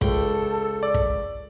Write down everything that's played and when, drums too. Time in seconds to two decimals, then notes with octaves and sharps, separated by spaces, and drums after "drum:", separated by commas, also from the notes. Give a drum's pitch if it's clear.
0.01 C#2 A4 G5, drum: kick
0.83 D5
0.94 drum: kick